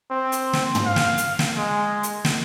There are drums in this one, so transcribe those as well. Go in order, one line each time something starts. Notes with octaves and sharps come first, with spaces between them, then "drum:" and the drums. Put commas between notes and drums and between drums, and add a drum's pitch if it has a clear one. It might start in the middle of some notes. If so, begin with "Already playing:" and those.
C4
drum: hi-hat
drum: snare
drum: tom
F5
drum: snare
drum: hi-hat
drum: snare
G#3
drum: hi-hat
drum: snare